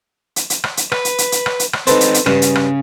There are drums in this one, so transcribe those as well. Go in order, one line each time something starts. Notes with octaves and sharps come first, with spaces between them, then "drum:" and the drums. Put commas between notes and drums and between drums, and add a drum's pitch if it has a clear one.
drum: hi-hat
drum: hi-hat
drum: rim click
drum: hi-hat
B4, drum: rim click
drum: hi-hat
drum: hi-hat
drum: hi-hat
drum: rim click
drum: hi-hat
drum: rim click
C4 D#4 A4 B4 C5, drum: hi-hat
drum: hi-hat
drum: hi-hat
G2 C#3, drum: rim click
drum: hi-hat
drum: rim click